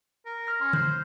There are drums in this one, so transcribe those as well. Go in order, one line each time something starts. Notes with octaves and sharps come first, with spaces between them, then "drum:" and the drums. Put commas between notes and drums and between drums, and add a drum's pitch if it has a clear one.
A#4
F6 A#6
C#4 C6
C5, drum: tom